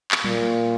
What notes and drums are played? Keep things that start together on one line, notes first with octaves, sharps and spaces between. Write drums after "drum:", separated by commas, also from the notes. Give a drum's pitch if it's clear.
drum: clap
A#2, drum: tom F#3